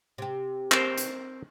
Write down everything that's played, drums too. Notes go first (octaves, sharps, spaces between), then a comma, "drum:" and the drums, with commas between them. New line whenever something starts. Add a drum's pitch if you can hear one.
C3 G4
C4 A#4 C5, drum: clap
drum: hi-hat